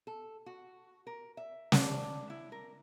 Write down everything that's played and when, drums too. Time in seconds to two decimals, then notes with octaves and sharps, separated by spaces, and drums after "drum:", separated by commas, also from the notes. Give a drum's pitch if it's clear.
0.07 A4
0.46 F#4
1.07 A#4
1.37 E5
1.72 drum: snare
1.81 D4
2.30 E4
2.52 A#4